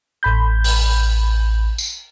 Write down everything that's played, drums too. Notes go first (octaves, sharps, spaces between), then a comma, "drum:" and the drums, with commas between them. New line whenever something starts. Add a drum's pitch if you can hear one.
A1 B5 G6
drum: open hi-hat
drum: tambourine